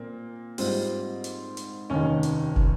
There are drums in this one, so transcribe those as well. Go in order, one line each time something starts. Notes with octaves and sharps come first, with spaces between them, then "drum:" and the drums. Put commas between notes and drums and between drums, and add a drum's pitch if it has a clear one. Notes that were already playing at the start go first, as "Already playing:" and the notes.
Already playing: A#2 A#3 C4
G#2 G3 C4 F4, drum: open hi-hat
drum: hi-hat
drum: hi-hat
F1 D#2 D#3 C#4
drum: hi-hat
drum: kick